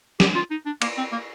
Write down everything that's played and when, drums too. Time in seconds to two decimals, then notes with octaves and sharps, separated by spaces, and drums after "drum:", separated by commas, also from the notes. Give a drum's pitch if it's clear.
0.20 G4, drum: snare
0.35 F4
0.51 D#4
0.66 D4
0.82 A#3, drum: cymbal
0.98 C4
1.12 A#3